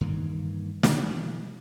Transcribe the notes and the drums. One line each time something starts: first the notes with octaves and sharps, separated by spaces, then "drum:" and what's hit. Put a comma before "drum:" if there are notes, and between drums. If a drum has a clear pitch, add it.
G2 D#3 E3 A#3
B2 E3 F#3 G3, drum: snare